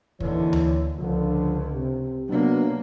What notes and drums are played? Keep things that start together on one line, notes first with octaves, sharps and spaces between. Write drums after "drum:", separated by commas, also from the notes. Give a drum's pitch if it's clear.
D#2 D3 E3 C#5, drum: kick
drum: tom D2
C#2 D3 F3
C3
C3 F#3 A#3 B3 D4